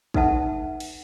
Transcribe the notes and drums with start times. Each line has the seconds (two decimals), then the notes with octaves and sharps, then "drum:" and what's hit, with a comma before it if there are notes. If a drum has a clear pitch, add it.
0.14 D#4 A4 B4 E5 F#5 A5, drum: kick
0.80 drum: cymbal